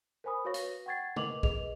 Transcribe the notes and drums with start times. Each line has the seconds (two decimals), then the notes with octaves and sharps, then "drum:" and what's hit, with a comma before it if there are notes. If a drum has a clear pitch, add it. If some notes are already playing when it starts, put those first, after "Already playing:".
0.24 A#4 C5 G#5 B5 D#6
0.45 F#4 B4 C#5 F5 C#6 A#6
0.54 drum: hi-hat
0.86 F#5 G5 C#6 G#6 A6 C7
1.16 A#4 B4 D#5 D6 F7 F#7, drum: tom
1.43 G#4 B4 D#5 F7, drum: kick